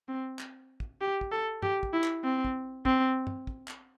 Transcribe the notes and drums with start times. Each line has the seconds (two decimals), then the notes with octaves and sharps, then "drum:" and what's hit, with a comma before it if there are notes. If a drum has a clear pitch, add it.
0.08 C4
0.39 drum: clap
0.80 drum: kick
1.01 G4
1.21 drum: kick
1.31 A4
1.62 G4, drum: tom
1.83 drum: kick
1.93 E4
2.03 drum: clap
2.24 C4
2.45 drum: kick
2.85 C4, drum: kick
3.27 drum: tom
3.47 drum: kick
3.68 drum: clap